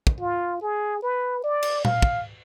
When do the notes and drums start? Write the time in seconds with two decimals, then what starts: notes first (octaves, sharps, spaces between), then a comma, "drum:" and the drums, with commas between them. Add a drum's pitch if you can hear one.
0.07 drum: kick
0.20 F4
0.62 G#4
1.03 B4
1.44 D5
1.63 drum: cymbal
1.85 F5, drum: tom A#2
2.02 drum: kick